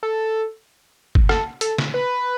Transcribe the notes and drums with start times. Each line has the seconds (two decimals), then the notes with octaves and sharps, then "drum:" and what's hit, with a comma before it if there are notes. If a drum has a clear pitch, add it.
0.03 A4
1.15 drum: kick G1
1.29 A4, drum: rim click
1.61 A4, drum: hi-hat
1.78 drum: snare
1.94 B4